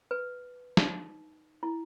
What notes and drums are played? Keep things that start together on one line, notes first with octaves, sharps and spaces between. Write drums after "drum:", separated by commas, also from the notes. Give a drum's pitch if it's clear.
B4
D#4, drum: snare
E4